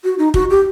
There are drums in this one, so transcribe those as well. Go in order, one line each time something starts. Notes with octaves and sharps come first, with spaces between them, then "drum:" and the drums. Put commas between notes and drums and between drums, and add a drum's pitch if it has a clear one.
F#4
D#4
F#4, drum: kick
G4